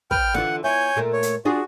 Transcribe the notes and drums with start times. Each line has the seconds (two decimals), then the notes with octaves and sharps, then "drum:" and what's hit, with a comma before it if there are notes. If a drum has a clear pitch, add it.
0.11 B4 G5 F6, drum: kick
0.34 D3 E3 F4 F#5, drum: snare
0.64 B3 E4 C#5 G#5 G6
0.96 A#2 A3 A#4
1.13 C#5
1.23 drum: hi-hat
1.45 D4 F4 F#4 G#4